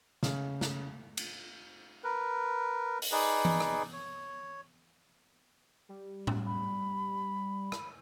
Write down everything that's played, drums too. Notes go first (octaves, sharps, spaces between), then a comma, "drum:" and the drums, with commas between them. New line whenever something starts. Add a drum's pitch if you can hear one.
C#3, drum: snare
drum: snare
drum: cymbal
A#4 B4
drum: open hi-hat
D#4 G#4 B4 D5
drum: tom E3
drum: rim click
C#5
G3
drum: tom A2
B5
drum: rim click